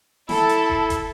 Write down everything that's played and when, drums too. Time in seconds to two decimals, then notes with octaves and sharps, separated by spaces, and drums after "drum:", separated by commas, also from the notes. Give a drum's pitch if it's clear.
0.29 E4 A4, drum: snare
0.49 drum: hi-hat
0.70 drum: kick
0.90 drum: kick, hi-hat